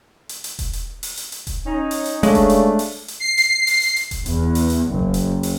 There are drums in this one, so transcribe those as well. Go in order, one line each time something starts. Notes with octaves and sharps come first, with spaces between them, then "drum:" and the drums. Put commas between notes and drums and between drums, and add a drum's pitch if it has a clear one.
drum: hi-hat
drum: hi-hat
drum: kick E1, hi-hat
drum: hi-hat
drum: open hi-hat
drum: hi-hat
drum: hi-hat
drum: kick E1, hi-hat
C#4 D#4
drum: open hi-hat
drum: hi-hat
C#3 G#3 A3 D4, drum: hi-hat
drum: kick E1, hi-hat
drum: hi-hat
drum: open hi-hat
drum: hi-hat
C7
drum: hi-hat
drum: open hi-hat
drum: hi-hat
drum: hi-hat
drum: kick E1, hi-hat
E2, drum: hi-hat
drum: open hi-hat
drum: hi-hat
F#1
drum: kick E1
drum: hi-hat
drum: open hi-hat